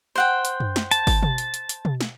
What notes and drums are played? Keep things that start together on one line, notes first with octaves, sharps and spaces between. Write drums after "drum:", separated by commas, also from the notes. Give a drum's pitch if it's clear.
C5 F#5 G5
drum: hi-hat
drum: tom F#2
drum: snare
A5, drum: hi-hat
drum: kick, open hi-hat
drum: tom B2
drum: hi-hat
drum: hi-hat
drum: hi-hat
drum: tom B2
drum: snare